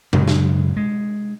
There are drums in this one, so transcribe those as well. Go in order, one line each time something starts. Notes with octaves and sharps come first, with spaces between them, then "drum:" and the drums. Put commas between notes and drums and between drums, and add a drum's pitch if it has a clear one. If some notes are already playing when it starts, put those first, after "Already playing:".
F#2 C#3 G#3, drum: tom A#2
drum: snare
G#3